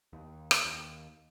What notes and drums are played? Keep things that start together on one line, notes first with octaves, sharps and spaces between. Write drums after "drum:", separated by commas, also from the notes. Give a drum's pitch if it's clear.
D#2
drum: rim click
D#2